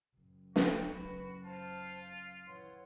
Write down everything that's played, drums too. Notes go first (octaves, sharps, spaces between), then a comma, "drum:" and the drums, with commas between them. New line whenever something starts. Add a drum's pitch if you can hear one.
F#1 F#2
F4 F#4 G5, drum: snare
B4 B5
F4 C5 A5
F5
E3 C#5 F#5 C6